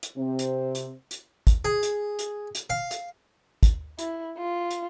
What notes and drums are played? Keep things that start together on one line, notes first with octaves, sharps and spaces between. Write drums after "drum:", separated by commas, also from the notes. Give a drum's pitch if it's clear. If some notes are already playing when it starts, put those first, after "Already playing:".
drum: hi-hat
C3 C4
drum: hi-hat
drum: hi-hat
drum: hi-hat
drum: kick, hi-hat
G#4
drum: hi-hat
drum: hi-hat
drum: hi-hat
F5
drum: hi-hat
drum: kick, hi-hat
E4, drum: hi-hat
F4
drum: hi-hat